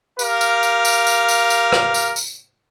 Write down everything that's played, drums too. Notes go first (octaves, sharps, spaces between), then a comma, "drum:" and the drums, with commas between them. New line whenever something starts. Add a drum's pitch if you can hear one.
G4 A#4 F5, drum: tambourine
drum: tambourine
drum: tambourine
drum: tambourine
drum: tambourine
drum: tambourine
drum: tambourine
drum: rim click
drum: tambourine
drum: tambourine